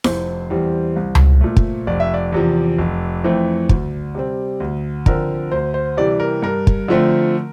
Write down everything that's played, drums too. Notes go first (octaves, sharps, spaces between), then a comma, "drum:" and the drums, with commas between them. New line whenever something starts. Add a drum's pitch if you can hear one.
F1 C5, drum: snare E4
E2 E3 G3 C4
C2
drum: tom C#2
A#2 A3
drum: kick
F1 D5
E5
D5
E2 C3 F3
F1
F2 E3 A3 C4
D2, drum: kick
C3 G3 C4
D2
D3 F3 C4 A#4, drum: kick
D2 C5
C5
C3 E3 G3 D5
A#4
G2 A#4
drum: kick
D3 F3 A3 C4